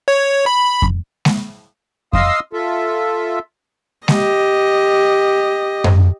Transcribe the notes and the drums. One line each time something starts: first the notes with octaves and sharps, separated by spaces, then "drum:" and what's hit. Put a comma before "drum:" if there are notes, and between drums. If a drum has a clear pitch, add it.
C#5
B5
drum: kick F2
drum: snare G#3
D#5 F5 C6 D#6 E6, drum: kick F2
F4 A4 E5
G4 D#5, drum: snare G#3
drum: tom F#2